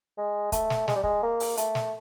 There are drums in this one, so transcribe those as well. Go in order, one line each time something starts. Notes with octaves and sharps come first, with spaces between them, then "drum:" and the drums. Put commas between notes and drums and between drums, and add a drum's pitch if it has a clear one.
G#3
A3, drum: kick, hi-hat
drum: snare
G#3, drum: snare
G3
G#3, drum: kick
A#3
drum: open hi-hat
A3, drum: hi-hat
drum: snare